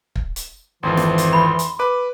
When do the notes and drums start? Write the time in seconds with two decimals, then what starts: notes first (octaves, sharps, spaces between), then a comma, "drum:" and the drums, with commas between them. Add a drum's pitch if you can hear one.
0.16 drum: kick
0.36 drum: hi-hat
0.83 G#1 F2 E3 F3 C6
0.97 drum: snare
1.18 drum: hi-hat
1.33 B5
1.59 drum: hi-hat
1.79 B4 D6